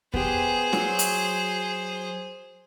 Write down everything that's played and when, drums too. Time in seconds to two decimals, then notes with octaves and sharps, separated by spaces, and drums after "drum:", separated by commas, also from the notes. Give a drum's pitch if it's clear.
0.14 B3 G4 G#4 C5, drum: kick E2
0.73 F#3 F4 F#4, drum: snare
0.99 drum: hi-hat